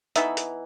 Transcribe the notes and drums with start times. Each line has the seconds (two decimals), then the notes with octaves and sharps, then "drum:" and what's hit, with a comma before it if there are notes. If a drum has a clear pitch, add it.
0.16 E3 B3 D#4 E5, drum: hi-hat
0.37 drum: hi-hat